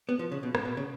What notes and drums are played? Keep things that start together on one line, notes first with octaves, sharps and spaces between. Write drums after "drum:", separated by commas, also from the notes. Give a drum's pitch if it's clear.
B3
F3
C#3
B2
A2, drum: rim click
B2
C#3